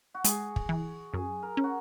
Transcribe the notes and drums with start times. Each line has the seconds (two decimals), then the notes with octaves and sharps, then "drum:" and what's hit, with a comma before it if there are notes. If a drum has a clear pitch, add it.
0.14 F#4
0.24 G#3 G#4, drum: hi-hat
0.56 drum: kick
0.69 E3
1.13 F#2 G#4
1.43 A#4
1.57 C#4
1.64 F#4